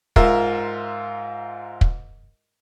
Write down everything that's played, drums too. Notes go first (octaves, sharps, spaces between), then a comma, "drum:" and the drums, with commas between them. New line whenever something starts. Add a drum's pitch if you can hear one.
G#2 F4 A#4 E5, drum: kick
drum: kick